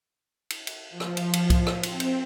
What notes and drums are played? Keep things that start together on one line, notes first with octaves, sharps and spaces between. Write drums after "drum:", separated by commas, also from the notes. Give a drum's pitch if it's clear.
drum: cymbal
drum: cymbal
F3
drum: rim click
drum: cymbal
drum: cymbal
drum: kick C2, cymbal
drum: rim click
C4, drum: cymbal
drum: cymbal